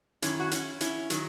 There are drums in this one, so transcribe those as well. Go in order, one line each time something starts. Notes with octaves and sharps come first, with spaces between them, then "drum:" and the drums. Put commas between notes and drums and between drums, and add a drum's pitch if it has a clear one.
F#2 D#3 C#4 E4, drum: hi-hat
F#4
C#4 E4, drum: hi-hat
C#4 E4, drum: hi-hat
D#3 F#3, drum: hi-hat